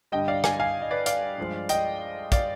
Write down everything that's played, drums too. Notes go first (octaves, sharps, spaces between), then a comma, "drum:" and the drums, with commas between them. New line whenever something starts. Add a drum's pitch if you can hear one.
G2 D3 G3 D#5 G5
D5 F5
F5 G#5, drum: rim click
F5 G#5
D#5
B4 D5
D5 F5, drum: hi-hat
G2 F3 G#3
D#5 G5, drum: hi-hat
D5 F5, drum: kick, hi-hat